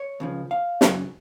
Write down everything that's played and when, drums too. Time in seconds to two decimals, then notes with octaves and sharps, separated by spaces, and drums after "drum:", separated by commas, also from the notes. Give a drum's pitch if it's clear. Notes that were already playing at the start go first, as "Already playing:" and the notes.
Already playing: C#5
0.20 C#2 C#3 F3
0.51 F5
0.81 F#2 C#3 F#3, drum: snare